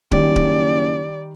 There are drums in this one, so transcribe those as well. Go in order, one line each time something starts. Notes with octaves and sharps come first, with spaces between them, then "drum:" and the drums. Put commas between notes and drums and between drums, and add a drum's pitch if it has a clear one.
F#1 D#3 G3 D5, drum: kick D1
drum: kick D1